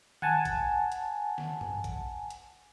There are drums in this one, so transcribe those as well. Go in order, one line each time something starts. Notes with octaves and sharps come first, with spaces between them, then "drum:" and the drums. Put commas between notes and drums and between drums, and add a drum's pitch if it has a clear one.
F#5 G#5 A5, drum: tom D#3
drum: kick, hi-hat
drum: hi-hat
drum: snare
drum: tom G2
drum: kick, hi-hat
drum: hi-hat